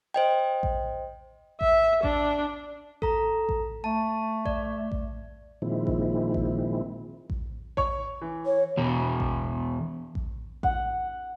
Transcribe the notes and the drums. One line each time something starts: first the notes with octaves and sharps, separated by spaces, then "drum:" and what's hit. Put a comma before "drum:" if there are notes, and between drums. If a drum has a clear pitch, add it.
C5 D#5 G5
drum: kick A1
E5, drum: kick A1
D4, drum: kick A1
A4 A#5, drum: kick A1
drum: kick A1
A3 A5
D5, drum: kick A1
drum: kick A1
A#2 D#3 F3 G#3 C4 E4
drum: kick A1
drum: kick A1
drum: kick A1
C#5 C#6, drum: kick A1
E3
C#5
E2 B2
drum: kick A1
drum: kick A1
F#5, drum: kick A1